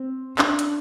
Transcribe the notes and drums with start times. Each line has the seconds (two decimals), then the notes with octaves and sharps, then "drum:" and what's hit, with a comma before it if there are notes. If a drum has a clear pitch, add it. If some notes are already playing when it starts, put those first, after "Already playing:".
Already playing: C4
0.39 D4, drum: clap
0.59 drum: hi-hat